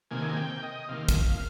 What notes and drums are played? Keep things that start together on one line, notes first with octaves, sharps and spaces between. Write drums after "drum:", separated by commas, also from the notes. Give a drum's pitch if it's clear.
C3 D#3 A#3 G#5
G5
D#5
C3 D#3 A#3 F5
drum: kick, hi-hat
F5